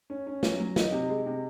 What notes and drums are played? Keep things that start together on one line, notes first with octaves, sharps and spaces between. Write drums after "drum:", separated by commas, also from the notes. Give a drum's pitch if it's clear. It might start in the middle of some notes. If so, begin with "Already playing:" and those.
C#4
C#4
F#3, drum: snare
F#3
D#4, drum: snare
C3
G#3
C3